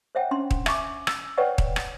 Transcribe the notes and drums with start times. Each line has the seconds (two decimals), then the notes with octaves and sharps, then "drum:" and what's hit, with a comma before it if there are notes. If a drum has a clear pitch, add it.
0.15 C5 C#5 E5 F#5 G5
0.31 C#4 D4 C6
0.51 drum: kick D#1
0.66 E5 G#5 C#6 D6, drum: rim click
1.07 E6, drum: rim click
1.38 B4 C#5 D5 F#5 G5 C#6
1.58 drum: kick D#1
1.76 drum: rim click